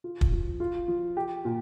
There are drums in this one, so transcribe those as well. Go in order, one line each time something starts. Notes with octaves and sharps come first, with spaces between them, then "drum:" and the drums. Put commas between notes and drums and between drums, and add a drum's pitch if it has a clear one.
F4
drum: kick
F3
F4
F3
G4
A#2